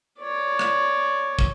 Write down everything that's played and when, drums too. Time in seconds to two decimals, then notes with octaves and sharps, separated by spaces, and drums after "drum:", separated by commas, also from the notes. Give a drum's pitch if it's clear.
0.20 C#5 D5
0.59 drum: rim click
1.39 drum: kick